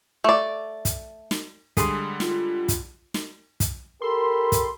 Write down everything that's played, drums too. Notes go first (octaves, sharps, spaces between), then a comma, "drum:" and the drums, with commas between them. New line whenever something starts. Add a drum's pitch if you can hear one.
A3 D5
drum: kick, hi-hat
drum: snare
D3 G3 G#3 G#4 C6, drum: kick, hi-hat
F4, drum: snare
drum: kick, hi-hat
drum: snare
drum: kick, hi-hat
G4 A4 A#4 B5 C6
drum: kick, hi-hat